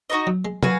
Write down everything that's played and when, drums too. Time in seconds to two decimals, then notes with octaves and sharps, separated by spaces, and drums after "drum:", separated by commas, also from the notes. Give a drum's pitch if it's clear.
0.10 D#4 F#4 A#4 D#5
0.27 F#3
0.45 G#3
0.63 F#3 F#4 B4 F5 G#5, drum: tom